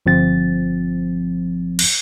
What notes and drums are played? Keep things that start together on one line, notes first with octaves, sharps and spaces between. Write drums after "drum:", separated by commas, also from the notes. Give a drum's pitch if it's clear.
G1 F3 C4 A6
drum: cymbal